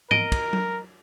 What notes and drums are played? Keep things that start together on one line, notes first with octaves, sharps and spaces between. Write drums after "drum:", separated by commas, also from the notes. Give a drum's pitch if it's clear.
A#4 D#5 D7, drum: tom G#2
drum: kick, cymbal
drum: tom F#3